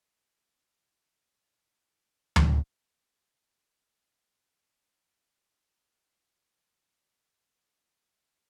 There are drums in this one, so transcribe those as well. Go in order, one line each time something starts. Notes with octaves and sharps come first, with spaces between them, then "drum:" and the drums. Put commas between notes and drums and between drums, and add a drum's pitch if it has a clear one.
A#5
A5
A1
drum: tom D2
A2 G4 D5 F5 F#5
C#4
C#3 E3
F3